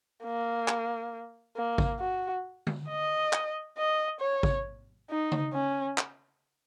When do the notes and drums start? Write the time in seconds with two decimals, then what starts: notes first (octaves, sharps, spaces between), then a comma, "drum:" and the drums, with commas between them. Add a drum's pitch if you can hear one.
0.24 A#3
0.68 drum: clap
1.56 A#3
1.78 drum: kick G#1
2.00 F#4
2.67 drum: tom D3
2.89 D#5
3.33 drum: clap
3.78 D#5
4.21 C#5
4.43 drum: kick G#1
5.10 D#4
5.32 drum: tom C#3
5.53 C#4
5.98 drum: clap